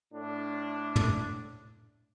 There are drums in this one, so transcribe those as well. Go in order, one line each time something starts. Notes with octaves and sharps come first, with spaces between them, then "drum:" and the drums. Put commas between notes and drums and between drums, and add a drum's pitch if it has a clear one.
A2 D4
drum: tom